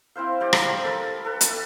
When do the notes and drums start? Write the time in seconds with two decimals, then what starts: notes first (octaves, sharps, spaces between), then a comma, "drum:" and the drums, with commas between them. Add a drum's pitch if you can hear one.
0.15 C4 E4 C5 F5
0.40 G3 C4 G4
0.53 drum: rim click
0.83 A4 A#4 B5
1.25 A4 B4
1.41 B5, drum: hi-hat